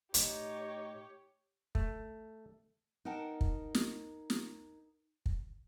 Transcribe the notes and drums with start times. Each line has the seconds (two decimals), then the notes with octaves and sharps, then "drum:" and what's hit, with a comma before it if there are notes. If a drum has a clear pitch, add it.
0.14 A2 A3 D#4 G4 C#5, drum: hi-hat
1.75 A3, drum: kick
3.05 D#4 A#4 F#5 G5 A5
3.41 drum: kick
3.75 drum: snare
4.30 drum: snare
5.26 drum: kick